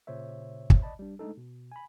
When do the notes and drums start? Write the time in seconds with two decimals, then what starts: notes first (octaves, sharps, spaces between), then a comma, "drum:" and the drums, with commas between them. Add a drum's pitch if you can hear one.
0.07 A#2 C#3 C5 C#5 E5
0.70 drum: kick
0.82 D5 D#5 A5 B5
0.99 G3 D4
1.19 G#3 A3 D4 D#4 A4
1.37 B2
1.72 G#5 B5